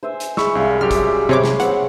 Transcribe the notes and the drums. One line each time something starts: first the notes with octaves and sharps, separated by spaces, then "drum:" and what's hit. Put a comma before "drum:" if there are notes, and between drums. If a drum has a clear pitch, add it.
C5 E5 G#5
drum: hi-hat
G#3 B5 C#6 E6, drum: snare
C2 D5 E5 F5
F#2 G4 F6
drum: kick, hi-hat
C3 C#5 B5 C6 D6
drum: snare
C4 C#5 F#5, drum: hi-hat